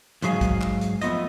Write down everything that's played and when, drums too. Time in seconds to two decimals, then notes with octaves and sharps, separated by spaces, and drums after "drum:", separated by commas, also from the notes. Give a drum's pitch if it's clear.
0.22 G#2 F#3 F#4 G#4 F5 G#5, drum: hi-hat
0.41 drum: kick, hi-hat
0.61 drum: clap
0.81 drum: hi-hat
1.01 F2 A3 B3 F4 D#5, drum: hi-hat